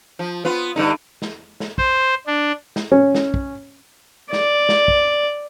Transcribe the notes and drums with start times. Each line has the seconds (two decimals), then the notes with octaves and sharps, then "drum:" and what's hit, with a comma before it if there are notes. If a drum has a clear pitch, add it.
0.19 F3
0.45 B3 F4
0.76 G2 D3 D#4
1.22 drum: snare
1.60 drum: snare
1.78 C5, drum: kick
2.27 D4
2.76 drum: snare
2.92 C#4
3.15 drum: snare
3.34 drum: kick
4.33 D5, drum: snare
4.69 drum: snare
4.88 drum: kick